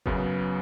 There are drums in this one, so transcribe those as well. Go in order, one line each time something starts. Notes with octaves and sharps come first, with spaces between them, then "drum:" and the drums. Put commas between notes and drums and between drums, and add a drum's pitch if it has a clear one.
F#2 C#3 F#3 B3, drum: kick F#1